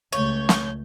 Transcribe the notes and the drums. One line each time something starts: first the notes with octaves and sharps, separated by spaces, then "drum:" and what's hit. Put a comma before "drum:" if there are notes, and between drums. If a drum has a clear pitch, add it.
C#2 A3 C#5 G6
drum: snare